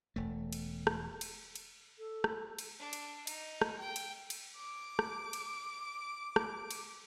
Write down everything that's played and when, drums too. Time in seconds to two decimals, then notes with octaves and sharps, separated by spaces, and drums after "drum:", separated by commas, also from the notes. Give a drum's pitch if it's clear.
0.16 E1 A3
0.52 drum: cymbal
0.87 drum: rim click
1.21 drum: cymbal
1.55 drum: cymbal
1.99 A4
2.24 drum: rim click
2.59 drum: cymbal
2.80 D4
2.93 drum: cymbal
3.27 D#4, drum: cymbal
3.62 drum: rim click
3.79 G5
3.96 drum: cymbal
4.30 drum: cymbal
4.57 D6 D7
4.99 drum: rim click
5.33 drum: cymbal
6.36 drum: rim click
6.71 drum: cymbal